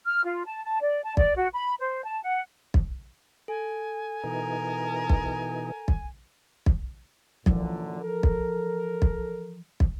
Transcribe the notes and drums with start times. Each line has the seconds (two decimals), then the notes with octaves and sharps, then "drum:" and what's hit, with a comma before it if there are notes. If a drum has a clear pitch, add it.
0.06 F6
0.25 F4
0.46 A5
0.64 A5
0.81 D5
1.03 A5
1.17 D5, drum: kick
1.37 F#4
1.54 B5
1.80 C5
2.04 A5
2.23 F#5
2.74 drum: kick
3.48 A4 G#5
4.24 B2 E3 D#4 A#4
5.09 drum: kick
5.88 drum: kick
6.66 drum: kick
7.46 F#2 A#2 D3 E3 F3, drum: kick
8.02 A4 A#4
8.23 drum: kick
9.02 drum: kick
9.80 drum: kick